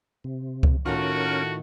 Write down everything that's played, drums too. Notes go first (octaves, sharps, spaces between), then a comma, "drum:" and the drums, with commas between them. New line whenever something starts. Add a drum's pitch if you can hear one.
C3
drum: kick C#2
A2 D#3 A3 C#4 F4 F#4 A#4